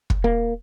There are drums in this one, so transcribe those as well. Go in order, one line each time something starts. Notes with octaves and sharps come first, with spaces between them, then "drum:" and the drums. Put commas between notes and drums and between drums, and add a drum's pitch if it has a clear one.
drum: kick
A#3